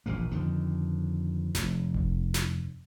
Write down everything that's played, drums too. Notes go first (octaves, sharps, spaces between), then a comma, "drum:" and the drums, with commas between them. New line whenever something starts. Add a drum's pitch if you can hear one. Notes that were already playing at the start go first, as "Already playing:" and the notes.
E1 A#1 B2 A#3
F2 D3 D#3
F1, drum: snare
drum: kick F1
drum: snare